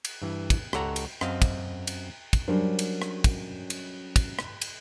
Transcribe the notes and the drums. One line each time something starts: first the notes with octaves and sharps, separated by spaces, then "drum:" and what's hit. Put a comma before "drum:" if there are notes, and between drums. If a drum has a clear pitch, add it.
drum: cymbal
G2 E3
drum: kick, cymbal
C#2 G4 A4 C#5 F#5 A#5, drum: rim click
drum: cymbal
F#2 C4 D#5 F5, drum: rim click
drum: kick, cymbal
drum: cymbal
drum: kick, cymbal
F#3 G3 C#4 D4 A#4 C5
drum: cymbal
drum: rim click
drum: kick, cymbal
drum: cymbal
drum: kick, cymbal
drum: rim click
drum: cymbal